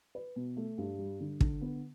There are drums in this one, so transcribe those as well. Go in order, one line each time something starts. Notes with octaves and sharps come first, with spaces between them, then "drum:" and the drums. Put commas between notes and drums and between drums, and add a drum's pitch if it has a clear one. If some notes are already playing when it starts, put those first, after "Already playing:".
B4
B2
A3
G2
G3
D3
D3, drum: kick
B3